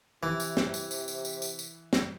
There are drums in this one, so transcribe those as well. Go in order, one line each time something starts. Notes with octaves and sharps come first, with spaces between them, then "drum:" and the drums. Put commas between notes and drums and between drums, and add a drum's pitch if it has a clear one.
C3 E3
drum: tambourine
drum: snare
drum: tambourine
drum: tambourine
drum: tambourine
drum: tambourine
drum: tambourine
drum: tambourine
drum: snare